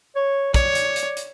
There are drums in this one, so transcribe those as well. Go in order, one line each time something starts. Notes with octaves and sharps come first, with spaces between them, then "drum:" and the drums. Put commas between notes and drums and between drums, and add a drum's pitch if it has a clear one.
C#5
C#5 D5, drum: kick, hi-hat
drum: hi-hat
drum: hi-hat
drum: hi-hat